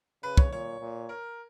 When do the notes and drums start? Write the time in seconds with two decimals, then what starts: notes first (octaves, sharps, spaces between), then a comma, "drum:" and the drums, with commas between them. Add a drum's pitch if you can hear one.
0.23 C#3 B4
0.37 C#5, drum: kick
0.52 A#2 C#5
0.80 A#2
1.09 A#4